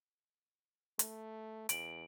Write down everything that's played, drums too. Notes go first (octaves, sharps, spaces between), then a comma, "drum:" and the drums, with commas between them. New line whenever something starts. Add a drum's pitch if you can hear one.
A3, drum: hi-hat
E2 D7 F#7, drum: hi-hat